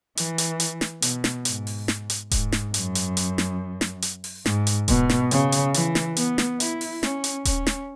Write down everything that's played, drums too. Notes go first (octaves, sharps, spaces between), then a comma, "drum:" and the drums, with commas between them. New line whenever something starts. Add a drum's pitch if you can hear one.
E3, drum: hi-hat
drum: hi-hat
drum: hi-hat
drum: snare
B2, drum: hi-hat
drum: snare
G#2, drum: hi-hat
drum: open hi-hat
drum: snare
drum: hi-hat
G#2, drum: kick D#1, hi-hat
drum: snare
F#2, drum: hi-hat
drum: hi-hat
drum: hi-hat
drum: snare
drum: snare
drum: hi-hat
drum: open hi-hat
G#2, drum: snare
drum: hi-hat
B2, drum: kick D#1, hi-hat
drum: snare
C#3, drum: hi-hat
drum: hi-hat
E3, drum: hi-hat
drum: snare
B3, drum: hi-hat
drum: snare
E4, drum: hi-hat
drum: open hi-hat
C#4, drum: snare
drum: hi-hat
C#4, drum: kick D#1, hi-hat
drum: snare